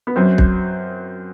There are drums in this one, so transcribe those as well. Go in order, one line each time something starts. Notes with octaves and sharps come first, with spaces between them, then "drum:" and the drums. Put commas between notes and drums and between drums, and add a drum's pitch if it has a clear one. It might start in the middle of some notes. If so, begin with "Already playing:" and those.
B3
F#2 F#3 C4
drum: kick